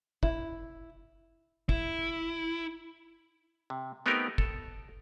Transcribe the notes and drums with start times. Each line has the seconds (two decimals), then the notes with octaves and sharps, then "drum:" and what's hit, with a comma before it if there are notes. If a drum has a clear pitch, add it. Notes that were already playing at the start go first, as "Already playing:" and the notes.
0.23 E4, drum: kick
1.69 E4, drum: kick
3.70 C3
4.06 A3 B3 C4 D#4 G4 A#4
4.38 A4, drum: kick